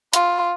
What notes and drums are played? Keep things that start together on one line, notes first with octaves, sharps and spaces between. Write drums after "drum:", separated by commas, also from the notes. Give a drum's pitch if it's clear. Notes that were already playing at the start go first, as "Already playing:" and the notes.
F4, drum: hi-hat